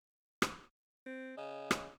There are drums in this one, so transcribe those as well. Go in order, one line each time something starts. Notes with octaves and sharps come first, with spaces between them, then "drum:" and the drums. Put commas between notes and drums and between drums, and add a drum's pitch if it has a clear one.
drum: rim click
C4
C#3 D#5
drum: rim click